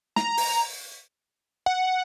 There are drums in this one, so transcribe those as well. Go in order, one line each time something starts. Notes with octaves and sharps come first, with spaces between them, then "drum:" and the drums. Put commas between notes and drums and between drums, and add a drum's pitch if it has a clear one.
A#5, drum: snare
drum: open hi-hat
F#5